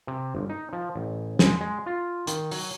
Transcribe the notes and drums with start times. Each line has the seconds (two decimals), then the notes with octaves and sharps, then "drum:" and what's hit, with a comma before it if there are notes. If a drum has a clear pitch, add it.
0.07 C3
0.35 G1
0.50 D#4
0.73 F3
0.96 A1
1.39 G#3, drum: snare
1.61 G#3
1.86 F4
2.27 D#3, drum: hi-hat
2.51 F#3, drum: open hi-hat